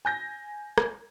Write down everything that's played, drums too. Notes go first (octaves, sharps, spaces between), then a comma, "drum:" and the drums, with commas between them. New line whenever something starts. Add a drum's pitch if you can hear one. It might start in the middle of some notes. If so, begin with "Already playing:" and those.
G#5 G6 A#6
drum: rim click